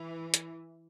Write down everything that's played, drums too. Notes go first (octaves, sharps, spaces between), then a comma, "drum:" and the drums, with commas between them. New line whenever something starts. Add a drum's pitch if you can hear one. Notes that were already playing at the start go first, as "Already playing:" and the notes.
Already playing: E3
drum: hi-hat